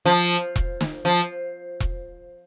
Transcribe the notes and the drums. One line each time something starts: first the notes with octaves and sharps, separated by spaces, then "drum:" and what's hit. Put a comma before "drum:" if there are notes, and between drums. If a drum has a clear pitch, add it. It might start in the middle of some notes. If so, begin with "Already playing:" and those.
F3
drum: kick E1
drum: snare
F3
drum: kick E1